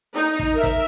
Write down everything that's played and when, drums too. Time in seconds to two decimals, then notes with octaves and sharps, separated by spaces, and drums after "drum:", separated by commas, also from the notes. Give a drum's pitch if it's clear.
0.15 D#4
0.39 drum: kick
0.54 A#4 E5
0.63 drum: kick, hi-hat